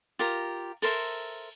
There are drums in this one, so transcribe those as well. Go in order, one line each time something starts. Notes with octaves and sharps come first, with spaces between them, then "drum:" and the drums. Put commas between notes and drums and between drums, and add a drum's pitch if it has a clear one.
F4 G4 A#4 A#5
A4 A#4 C5 E5, drum: cymbal